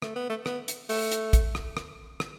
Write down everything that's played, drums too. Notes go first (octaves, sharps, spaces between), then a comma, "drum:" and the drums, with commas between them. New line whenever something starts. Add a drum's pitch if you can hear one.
A3, drum: rim click
B3
A3
B3, drum: rim click
drum: hi-hat
A3, drum: open hi-hat
drum: hi-hat
drum: kick, hi-hat
drum: rim click
drum: rim click
drum: rim click